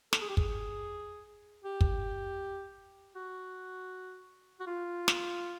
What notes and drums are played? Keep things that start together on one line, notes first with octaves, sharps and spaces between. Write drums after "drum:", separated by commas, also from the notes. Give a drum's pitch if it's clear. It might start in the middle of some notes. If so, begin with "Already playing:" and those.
A4, drum: snare
G#4
G4
G#4, drum: kick
G4
drum: kick
F#4
F#4
F4
drum: snare